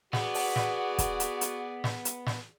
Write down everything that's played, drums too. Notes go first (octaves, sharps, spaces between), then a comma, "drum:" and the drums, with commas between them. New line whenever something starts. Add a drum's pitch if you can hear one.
B3 F#4 G#4 D5 F#5, drum: snare
drum: open hi-hat
drum: snare
drum: kick, hi-hat
drum: hi-hat
drum: hi-hat
drum: snare
drum: hi-hat
drum: snare